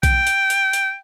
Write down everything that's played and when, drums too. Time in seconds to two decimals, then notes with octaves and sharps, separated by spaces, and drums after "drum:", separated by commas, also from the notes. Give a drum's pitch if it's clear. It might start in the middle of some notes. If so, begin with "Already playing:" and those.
0.03 G5, drum: kick B1, hi-hat
0.27 drum: hi-hat
0.50 drum: hi-hat
0.73 drum: hi-hat